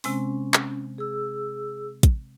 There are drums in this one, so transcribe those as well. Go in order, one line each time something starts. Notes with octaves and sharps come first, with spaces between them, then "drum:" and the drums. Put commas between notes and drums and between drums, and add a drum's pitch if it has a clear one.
C3 G#3 C4 C#4, drum: open hi-hat
drum: clap
G#4 E6
drum: kick, hi-hat